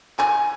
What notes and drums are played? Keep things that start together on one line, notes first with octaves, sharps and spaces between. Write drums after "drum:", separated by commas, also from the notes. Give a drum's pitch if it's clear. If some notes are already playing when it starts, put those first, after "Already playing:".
G#5, drum: clap